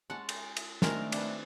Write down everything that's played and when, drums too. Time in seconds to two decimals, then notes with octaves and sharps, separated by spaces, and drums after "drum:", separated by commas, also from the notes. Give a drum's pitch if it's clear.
0.10 G#3 C#4 F#5 A5
0.29 drum: cymbal
0.57 drum: cymbal
0.82 D#3 G#3 A3 C4 D4 A#4, drum: snare
1.12 C4 D4 B4, drum: cymbal